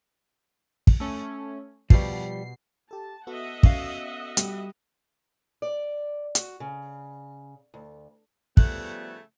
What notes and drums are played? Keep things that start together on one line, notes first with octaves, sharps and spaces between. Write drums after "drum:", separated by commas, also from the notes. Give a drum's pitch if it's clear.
drum: kick
A3 C#4
B2 F3 G3 C7, drum: kick
G4 A4 A5
B3 F#4 A4 D#5 E5 F#5
C#4 F5, drum: kick
G3, drum: hi-hat
D5
F#4, drum: hi-hat
C#3
D2
C#3 F3 G3 A3 B3 F#6, drum: kick